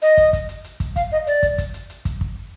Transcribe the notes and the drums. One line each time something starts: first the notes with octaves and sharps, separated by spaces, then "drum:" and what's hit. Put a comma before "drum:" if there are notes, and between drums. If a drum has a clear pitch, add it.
D#5, drum: hi-hat
drum: kick, hi-hat
drum: kick, hi-hat
drum: hi-hat
drum: hi-hat
drum: kick, hi-hat
F5, drum: kick, hi-hat
D#5
D5, drum: hi-hat
drum: kick, hi-hat
drum: kick, hi-hat
drum: hi-hat
drum: hi-hat
drum: kick, hi-hat
drum: kick